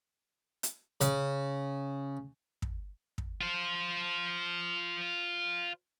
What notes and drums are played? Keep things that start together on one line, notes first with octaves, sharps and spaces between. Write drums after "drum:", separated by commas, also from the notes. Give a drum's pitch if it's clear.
drum: hi-hat
C#3, drum: hi-hat
drum: kick
drum: kick
F4 C5